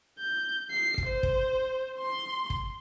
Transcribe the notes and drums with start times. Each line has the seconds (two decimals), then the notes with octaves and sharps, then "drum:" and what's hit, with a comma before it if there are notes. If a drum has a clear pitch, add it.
0.19 G6
0.71 C7
0.98 drum: kick
1.07 C5
1.23 drum: kick
1.99 C6
2.50 drum: kick